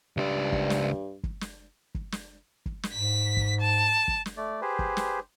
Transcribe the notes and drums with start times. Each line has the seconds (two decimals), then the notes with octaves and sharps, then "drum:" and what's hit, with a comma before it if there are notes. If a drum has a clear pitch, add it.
0.17 C#2 G2 D5
0.52 drum: kick
0.70 drum: snare
1.24 drum: kick
1.41 drum: snare
1.95 drum: kick
2.12 drum: snare
2.66 drum: kick
2.83 drum: snare
2.94 G#2 B6
3.37 drum: kick
3.60 A5
4.08 drum: kick
4.26 drum: snare
4.37 A3 D5
4.62 G4 G#4 B4 C5
4.79 drum: kick
4.97 drum: snare